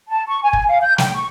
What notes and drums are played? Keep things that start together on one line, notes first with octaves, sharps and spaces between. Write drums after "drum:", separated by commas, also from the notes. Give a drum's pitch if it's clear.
A5
C#6
G#5
drum: kick
F5
G6
G5, drum: snare
C#6